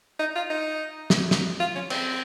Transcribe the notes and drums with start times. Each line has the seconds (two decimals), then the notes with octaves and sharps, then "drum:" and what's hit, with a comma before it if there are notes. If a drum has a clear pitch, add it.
0.19 D#4
0.36 F4
0.50 D#4
1.10 drum: snare
1.31 drum: snare
1.60 F4
1.75 C#4
1.90 C4, drum: cymbal